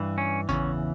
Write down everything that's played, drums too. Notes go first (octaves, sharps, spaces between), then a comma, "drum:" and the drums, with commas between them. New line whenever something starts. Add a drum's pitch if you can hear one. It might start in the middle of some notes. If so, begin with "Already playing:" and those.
Already playing: G2 E3
C#4
E2 C#3 E3 C#4, drum: kick G#1, tambourine